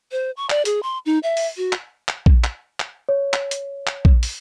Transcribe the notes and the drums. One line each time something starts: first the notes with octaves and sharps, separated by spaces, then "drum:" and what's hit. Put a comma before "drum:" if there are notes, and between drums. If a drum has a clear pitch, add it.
C5
C#6
D5, drum: clap
G#4, drum: hi-hat
C6
D#4
E5
drum: open hi-hat
F#4
drum: clap
drum: clap
drum: kick
drum: clap
drum: clap
C#5
drum: clap
drum: hi-hat
drum: clap
drum: kick
drum: open hi-hat